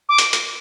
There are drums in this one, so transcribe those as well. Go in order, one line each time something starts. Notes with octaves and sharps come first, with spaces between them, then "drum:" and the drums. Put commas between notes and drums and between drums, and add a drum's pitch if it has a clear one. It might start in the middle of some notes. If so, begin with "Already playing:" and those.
D6
drum: hi-hat
drum: hi-hat